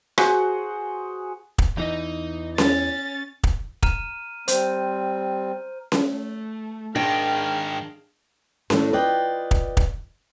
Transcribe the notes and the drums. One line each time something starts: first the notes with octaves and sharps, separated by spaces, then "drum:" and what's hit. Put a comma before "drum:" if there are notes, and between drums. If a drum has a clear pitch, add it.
F#4 G#4 C5 F#5, drum: rim click
drum: kick
E2 E3 D#4 D#5
C#4 A6, drum: snare C#4
drum: kick
A#5 F6 D#7, drum: kick
G3 C4 C5, drum: hi-hat
drum: snare C#4
A3
G#2 D#3 D4 G#4 F5 G5 A#6 D7
A2 A3 D4, drum: snare C#4
F4 B4 D5 D#5 G5
drum: kick
drum: kick